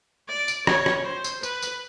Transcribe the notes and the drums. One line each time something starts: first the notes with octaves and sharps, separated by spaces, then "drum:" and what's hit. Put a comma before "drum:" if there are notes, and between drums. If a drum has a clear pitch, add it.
D5
drum: tambourine
C#5, drum: rim click
drum: rim click
C5
drum: tambourine
B4, drum: tambourine
drum: tambourine